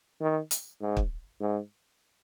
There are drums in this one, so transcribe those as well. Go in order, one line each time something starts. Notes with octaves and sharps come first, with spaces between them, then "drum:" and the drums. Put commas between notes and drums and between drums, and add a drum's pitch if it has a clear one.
D#3
drum: hi-hat
G#2
drum: kick
G#2